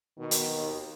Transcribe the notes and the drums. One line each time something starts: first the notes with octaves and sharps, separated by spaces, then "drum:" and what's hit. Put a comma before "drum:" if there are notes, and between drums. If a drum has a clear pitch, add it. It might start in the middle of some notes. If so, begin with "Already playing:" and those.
B2 D#3
drum: hi-hat
D#2